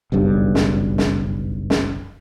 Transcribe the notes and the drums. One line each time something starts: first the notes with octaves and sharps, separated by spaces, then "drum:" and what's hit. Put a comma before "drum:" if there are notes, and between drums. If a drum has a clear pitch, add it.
F#1 B1 G2
drum: snare
drum: snare
drum: snare